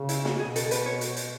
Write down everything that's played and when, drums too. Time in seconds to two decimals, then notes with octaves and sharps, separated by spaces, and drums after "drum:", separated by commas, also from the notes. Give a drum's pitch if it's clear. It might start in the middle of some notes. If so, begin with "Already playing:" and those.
Already playing: C#3
0.09 E4, drum: hi-hat
0.25 F#4, drum: snare
0.39 B2 G#4
0.56 A4, drum: hi-hat
0.71 B4, drum: hi-hat
0.86 C#5
1.01 drum: hi-hat
1.16 drum: hi-hat